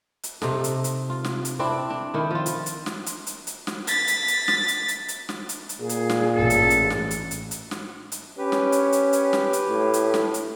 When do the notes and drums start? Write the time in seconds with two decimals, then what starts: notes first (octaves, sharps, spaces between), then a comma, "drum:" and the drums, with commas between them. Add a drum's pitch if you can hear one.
0.23 drum: hi-hat
0.42 C3 D#4 A4, drum: snare
0.64 drum: hi-hat
0.84 drum: hi-hat
1.10 F4
1.24 drum: snare
1.45 drum: hi-hat
1.59 C4 D4 E4
1.90 D4
2.14 D#3 E4
2.31 F3 F4
2.46 drum: hi-hat
2.66 drum: hi-hat
2.86 drum: snare
3.06 drum: hi-hat
3.27 drum: hi-hat
3.47 drum: hi-hat
3.67 drum: snare
3.87 A6 B6, drum: hi-hat
4.07 drum: hi-hat
4.28 drum: hi-hat
4.48 drum: snare
4.68 drum: hi-hat
4.88 drum: hi-hat
5.08 drum: hi-hat
5.29 drum: snare
5.49 drum: hi-hat
5.69 drum: hi-hat
5.80 A#2 G#4
5.89 drum: hi-hat
6.10 drum: snare
6.35 A1 A4
6.50 drum: hi-hat
6.70 drum: hi-hat
6.90 drum: snare
7.11 drum: hi-hat
7.31 drum: hi-hat
7.51 drum: hi-hat
7.71 drum: snare
8.12 drum: hi-hat
8.38 C#4 G4 B4
8.52 drum: snare
8.72 drum: hi-hat
8.92 drum: hi-hat
9.13 drum: hi-hat
9.33 drum: snare
9.53 drum: hi-hat
9.69 A2
9.94 drum: hi-hat
10.14 drum: snare
10.34 drum: hi-hat